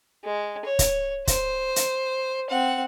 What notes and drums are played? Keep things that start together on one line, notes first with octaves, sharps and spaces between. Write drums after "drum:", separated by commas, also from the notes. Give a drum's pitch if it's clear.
G#3
C#5
drum: kick, hi-hat
C5, drum: kick, hi-hat
drum: hi-hat
C4 F#5